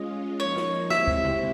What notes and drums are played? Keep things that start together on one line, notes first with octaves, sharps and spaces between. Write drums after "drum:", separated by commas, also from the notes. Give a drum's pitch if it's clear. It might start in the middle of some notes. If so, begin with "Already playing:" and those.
Already playing: G#3 C#4 F4 D#5
F3 A#3 D#4 C#5
drum: snare
G#3 C4 E4 G4 C5 E5, drum: snare
drum: kick
drum: tom C3